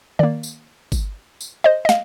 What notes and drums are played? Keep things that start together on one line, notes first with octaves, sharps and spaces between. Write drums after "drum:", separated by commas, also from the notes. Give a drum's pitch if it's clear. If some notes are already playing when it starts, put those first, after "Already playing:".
D#3 A#3 D5
drum: tambourine
drum: kick G1, tambourine
drum: tambourine
C5 D#5
D#5
F5, drum: snare